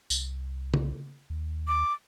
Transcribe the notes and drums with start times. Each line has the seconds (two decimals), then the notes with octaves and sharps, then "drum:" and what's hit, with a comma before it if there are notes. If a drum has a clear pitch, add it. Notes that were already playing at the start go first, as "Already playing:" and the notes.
0.10 C2, drum: tambourine
0.74 drum: tom C#3
1.30 D#2
1.68 D6